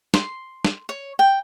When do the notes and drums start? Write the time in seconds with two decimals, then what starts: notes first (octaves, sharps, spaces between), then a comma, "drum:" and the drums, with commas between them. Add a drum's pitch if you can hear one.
0.14 C6, drum: snare
0.65 drum: snare
0.89 C#5
1.19 G5